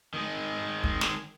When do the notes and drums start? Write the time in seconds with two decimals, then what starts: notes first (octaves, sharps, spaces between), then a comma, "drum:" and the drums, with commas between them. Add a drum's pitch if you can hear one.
0.14 D#3 G#3
0.84 drum: kick
1.01 drum: snare